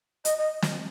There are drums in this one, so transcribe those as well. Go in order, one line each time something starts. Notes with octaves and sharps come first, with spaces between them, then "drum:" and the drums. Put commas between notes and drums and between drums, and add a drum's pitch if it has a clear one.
D#5, drum: hi-hat
D#5
drum: snare